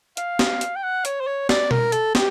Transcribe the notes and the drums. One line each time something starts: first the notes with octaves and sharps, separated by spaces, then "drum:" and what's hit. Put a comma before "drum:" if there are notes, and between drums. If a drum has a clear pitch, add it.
F5, drum: hi-hat
drum: snare
drum: hi-hat
G5
F#5
C#5, drum: hi-hat
C5
C#5
D5, drum: snare
A#4, drum: tom B2
A4, drum: hi-hat
G4, drum: snare